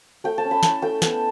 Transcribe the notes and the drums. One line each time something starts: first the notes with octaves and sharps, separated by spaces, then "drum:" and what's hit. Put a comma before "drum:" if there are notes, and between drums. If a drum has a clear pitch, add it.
A3 G5
A5
C#4
B5
E4 A5, drum: snare
A3 G5
B3 A5, drum: snare